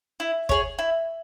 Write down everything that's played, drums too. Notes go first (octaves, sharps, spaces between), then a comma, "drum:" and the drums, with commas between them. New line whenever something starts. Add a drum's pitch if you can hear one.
E4
G#4 C#5, drum: kick
E4